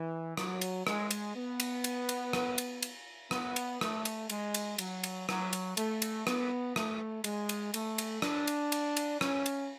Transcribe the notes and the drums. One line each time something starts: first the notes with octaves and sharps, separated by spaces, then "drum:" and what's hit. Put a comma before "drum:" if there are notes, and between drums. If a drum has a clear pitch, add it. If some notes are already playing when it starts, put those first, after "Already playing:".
Already playing: E3
F#3, drum: rim click
drum: cymbal
G#3, drum: rim click
drum: cymbal
B3
drum: cymbal
drum: cymbal
drum: cymbal
drum: rim click
drum: cymbal
drum: cymbal
B3, drum: rim click
drum: cymbal
A3, drum: rim click
drum: cymbal
G#3, drum: cymbal
drum: cymbal
F#3, drum: cymbal
drum: cymbal
F#3, drum: rim click
drum: cymbal
A3, drum: cymbal
drum: cymbal
B3, drum: rim click
A3, drum: rim click
G#3, drum: cymbal
drum: cymbal
A3, drum: cymbal
drum: cymbal
D4, drum: rim click
drum: cymbal
drum: cymbal
drum: cymbal
C#4, drum: rim click
drum: cymbal